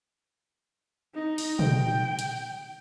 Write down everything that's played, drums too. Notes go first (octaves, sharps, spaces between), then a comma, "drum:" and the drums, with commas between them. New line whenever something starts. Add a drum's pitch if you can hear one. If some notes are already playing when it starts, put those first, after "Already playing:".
D#4
drum: open hi-hat
G5, drum: tom
drum: hi-hat